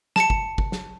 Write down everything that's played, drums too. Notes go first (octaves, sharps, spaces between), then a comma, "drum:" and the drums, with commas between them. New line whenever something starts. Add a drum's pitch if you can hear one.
A5 C#7, drum: snare
drum: kick G1
drum: kick G1
drum: snare